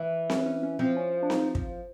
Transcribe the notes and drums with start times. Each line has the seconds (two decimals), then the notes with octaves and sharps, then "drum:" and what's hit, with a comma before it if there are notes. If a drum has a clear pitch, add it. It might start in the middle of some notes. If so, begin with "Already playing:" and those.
Already playing: E3
0.30 C#4, drum: snare C4
0.46 C#4
0.63 C#4
0.79 F3 C4
0.96 C#4
1.23 D4
1.30 D#4, drum: snare C4
1.55 drum: kick